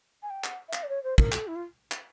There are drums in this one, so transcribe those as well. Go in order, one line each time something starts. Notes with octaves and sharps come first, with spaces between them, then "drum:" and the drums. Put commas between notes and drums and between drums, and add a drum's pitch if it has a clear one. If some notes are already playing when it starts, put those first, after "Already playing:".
G#5
G5
F#5, drum: clap
E5
F5, drum: clap
D5
C#5
C5
A#4, drum: kick
A4, drum: clap
E4
F4
drum: clap